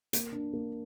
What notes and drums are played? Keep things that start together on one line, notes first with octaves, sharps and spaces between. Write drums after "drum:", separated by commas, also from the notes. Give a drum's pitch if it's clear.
A#3, drum: hi-hat
D4
A#3